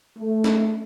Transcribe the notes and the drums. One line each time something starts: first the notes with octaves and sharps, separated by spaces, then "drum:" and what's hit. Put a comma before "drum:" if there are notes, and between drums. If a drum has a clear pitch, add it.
A3
drum: snare